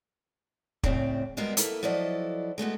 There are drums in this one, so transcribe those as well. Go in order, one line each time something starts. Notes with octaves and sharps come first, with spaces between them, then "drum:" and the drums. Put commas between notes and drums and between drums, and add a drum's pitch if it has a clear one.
A2 C#3 C4 D5, drum: kick
G3 G#3 A#3 B3 F#4 D5
A#3 E4 A4 B4, drum: hi-hat
F3 F#3 E4 A4 D5 D#5
G#3 A3 B3 F#4